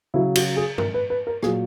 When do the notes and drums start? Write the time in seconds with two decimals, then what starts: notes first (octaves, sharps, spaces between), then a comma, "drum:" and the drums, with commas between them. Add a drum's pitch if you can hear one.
0.14 C#3 F#3 E4
0.35 F#4, drum: cymbal
0.56 G#4
0.78 A#4, drum: tom G2
0.94 B4
1.10 B4
1.27 A#4
1.43 A#2 F#3 G#4, drum: rim click